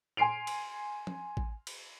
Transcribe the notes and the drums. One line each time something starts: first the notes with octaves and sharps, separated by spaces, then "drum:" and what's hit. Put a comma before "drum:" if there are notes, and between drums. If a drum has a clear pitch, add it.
G#5 C6 C7 D7 F7
drum: cymbal
drum: tom
drum: kick A1
drum: cymbal